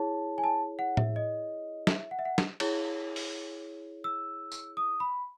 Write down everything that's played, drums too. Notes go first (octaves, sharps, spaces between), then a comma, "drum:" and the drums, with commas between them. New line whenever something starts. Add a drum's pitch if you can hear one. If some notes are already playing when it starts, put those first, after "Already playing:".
Already playing: E4 G#4 C#5 A5
G#5
A5
F#5
E5, drum: tom A2
D#5
E5, drum: snare
F#5
E5
F#5
drum: snare
E4 G#4 C#5, drum: cymbal
drum: open hi-hat
E6
drum: tambourine
D#6
B5